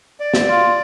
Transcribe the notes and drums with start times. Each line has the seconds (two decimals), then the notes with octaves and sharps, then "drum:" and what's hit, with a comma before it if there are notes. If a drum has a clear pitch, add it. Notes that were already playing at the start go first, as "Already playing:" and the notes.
0.20 D5
0.34 drum: snare
0.48 F4